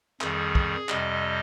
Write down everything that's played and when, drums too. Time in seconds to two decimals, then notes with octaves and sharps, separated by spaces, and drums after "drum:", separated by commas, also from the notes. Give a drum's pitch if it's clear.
0.21 F2 D#3 G3 G#4, drum: clap
0.55 drum: kick
0.89 F2 C3 G3 D#5, drum: clap